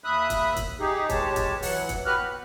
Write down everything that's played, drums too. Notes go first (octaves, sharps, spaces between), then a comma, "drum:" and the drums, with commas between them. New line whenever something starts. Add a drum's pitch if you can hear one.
D#2 E5 B5 D#6 F#6
drum: kick, hi-hat
drum: kick, hi-hat
D#4 G4 G#4
B2 G#3 G4 C#5 A5, drum: kick, hi-hat
drum: kick, hi-hat
E3 F#3 F#5, drum: open hi-hat
drum: kick, hi-hat
F#4 G4 B4 F6 F#6
B3